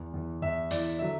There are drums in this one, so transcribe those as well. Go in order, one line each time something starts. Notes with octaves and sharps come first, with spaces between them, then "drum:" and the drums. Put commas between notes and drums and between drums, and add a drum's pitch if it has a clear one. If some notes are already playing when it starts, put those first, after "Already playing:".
Already playing: E2 E3
E2 E3
E2 E3 E5
E2 E3 D5, drum: open hi-hat
D3 F#3 E5